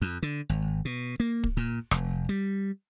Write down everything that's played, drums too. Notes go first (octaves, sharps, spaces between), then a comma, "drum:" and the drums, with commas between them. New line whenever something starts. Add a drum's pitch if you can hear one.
F2
D3
G#1
B2
A#3
drum: kick
A#2
F1, drum: rim click
G3